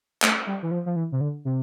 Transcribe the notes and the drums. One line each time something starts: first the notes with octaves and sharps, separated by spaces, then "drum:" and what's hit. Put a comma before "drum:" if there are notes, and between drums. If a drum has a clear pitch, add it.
A3, drum: clap
G3
E3
F3
F3
E3
C3
D3
C3